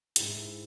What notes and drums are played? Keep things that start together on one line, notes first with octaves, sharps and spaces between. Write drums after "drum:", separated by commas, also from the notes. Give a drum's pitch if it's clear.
G#2 G#3 E4, drum: hi-hat